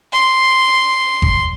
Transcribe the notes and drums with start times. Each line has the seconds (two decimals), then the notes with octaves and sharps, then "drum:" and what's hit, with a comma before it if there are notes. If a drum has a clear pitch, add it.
0.13 C6
1.22 drum: kick G1